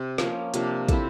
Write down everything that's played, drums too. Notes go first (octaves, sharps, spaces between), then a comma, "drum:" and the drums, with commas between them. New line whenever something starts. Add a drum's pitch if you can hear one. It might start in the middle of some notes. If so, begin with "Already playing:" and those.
Already playing: C3 C4
F3 A#3 C#4, drum: snare
C3 F3 A#3 D4, drum: hi-hat
C4 E4 A4, drum: kick, hi-hat